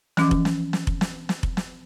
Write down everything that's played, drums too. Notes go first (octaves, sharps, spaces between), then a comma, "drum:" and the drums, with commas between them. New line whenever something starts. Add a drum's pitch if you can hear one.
E3 F3 C#4 D6, drum: snare
drum: kick F1
drum: snare
drum: snare
drum: kick F1
drum: snare
drum: snare
drum: kick F1
drum: snare